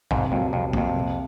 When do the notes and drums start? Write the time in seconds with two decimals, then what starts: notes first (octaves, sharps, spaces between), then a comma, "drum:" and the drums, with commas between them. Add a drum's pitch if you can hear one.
0.11 C2 F2 G#2, drum: kick
0.31 F2 A#2 F#3 A#3
0.53 C2 F2
0.73 F2 A#2 F#3 A#3, drum: kick
0.94 C2